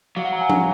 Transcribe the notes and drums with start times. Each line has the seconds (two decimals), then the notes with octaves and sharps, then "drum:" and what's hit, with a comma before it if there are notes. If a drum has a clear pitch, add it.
0.16 F#3 F5
0.25 F#5
0.33 A#5
0.41 G#5
0.50 A#5, drum: tom F3